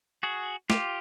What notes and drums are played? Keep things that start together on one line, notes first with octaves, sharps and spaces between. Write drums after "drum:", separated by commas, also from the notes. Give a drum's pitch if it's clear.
F#4 G#4
F4 G4, drum: snare